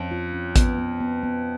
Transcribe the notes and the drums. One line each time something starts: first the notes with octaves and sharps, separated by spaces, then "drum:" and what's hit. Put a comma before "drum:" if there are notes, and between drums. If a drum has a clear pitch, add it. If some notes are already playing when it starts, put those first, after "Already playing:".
Already playing: F2 C#4
F4
C#4
B3, drum: kick A1, hi-hat
B3
B3
B3